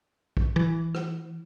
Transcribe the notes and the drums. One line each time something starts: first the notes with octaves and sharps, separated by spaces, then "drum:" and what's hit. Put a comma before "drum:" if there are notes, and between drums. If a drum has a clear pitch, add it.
drum: kick
E3
drum: rim click